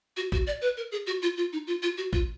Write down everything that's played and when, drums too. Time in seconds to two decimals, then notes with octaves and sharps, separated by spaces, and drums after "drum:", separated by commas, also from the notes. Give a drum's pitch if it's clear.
0.17 F#4
0.32 F#4, drum: kick
0.47 D5
0.62 B4
0.77 A#4
0.92 G#4
1.07 F#4
1.22 F4
1.37 F4
1.53 D#4
1.67 F4
1.83 F4
1.97 F#4
2.13 F4, drum: kick